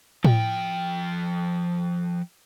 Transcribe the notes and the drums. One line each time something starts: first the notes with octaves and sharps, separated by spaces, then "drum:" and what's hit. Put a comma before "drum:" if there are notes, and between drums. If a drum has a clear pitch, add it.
F3 G5, drum: tom A2